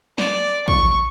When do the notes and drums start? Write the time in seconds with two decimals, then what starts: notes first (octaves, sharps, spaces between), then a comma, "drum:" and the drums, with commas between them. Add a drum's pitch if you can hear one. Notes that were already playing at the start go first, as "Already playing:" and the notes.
0.18 D5, drum: snare
0.68 C#6, drum: kick